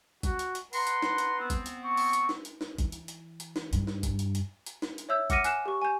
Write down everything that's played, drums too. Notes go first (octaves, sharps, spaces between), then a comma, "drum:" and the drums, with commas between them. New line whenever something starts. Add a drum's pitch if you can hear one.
F#4, drum: kick, hi-hat
drum: hi-hat
drum: hi-hat
B4 F#5 A#5 C6, drum: open hi-hat
drum: hi-hat
drum: snare
drum: hi-hat
B3 C4
drum: kick, hi-hat
drum: hi-hat
C#6
drum: open hi-hat
drum: hi-hat
drum: snare
drum: hi-hat
drum: snare
E3, drum: kick, hi-hat
drum: hi-hat
drum: hi-hat
drum: hi-hat
drum: snare
G2, drum: hi-hat
drum: snare
drum: kick, hi-hat
drum: hi-hat
drum: hi-hat
drum: hi-hat
drum: snare
drum: hi-hat
C#5 E5 E6 G6
F#5 D6 F6 A#6 C#7 D#7, drum: kick, hi-hat
G#5 F#6 C7 E7, drum: hi-hat
G4 C#6
G#5 G6